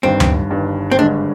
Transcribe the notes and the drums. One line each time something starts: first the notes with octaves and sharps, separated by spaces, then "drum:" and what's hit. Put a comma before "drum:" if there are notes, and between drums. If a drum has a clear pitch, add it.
G1 G2 D#3 C4
drum: tom D2
G1 G2 D#3
C4
G#1 G2 D3 G#3 D4